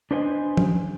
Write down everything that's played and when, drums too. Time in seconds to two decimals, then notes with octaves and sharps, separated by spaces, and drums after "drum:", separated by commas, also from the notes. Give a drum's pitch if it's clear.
0.11 D4 B4 C5 D#5 F#5 G#5
0.57 drum: tom